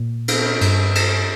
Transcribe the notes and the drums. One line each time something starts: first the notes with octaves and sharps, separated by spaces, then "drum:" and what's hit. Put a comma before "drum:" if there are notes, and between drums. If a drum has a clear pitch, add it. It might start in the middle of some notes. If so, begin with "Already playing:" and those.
Already playing: A#2
drum: cymbal
G2, drum: cymbal
drum: cymbal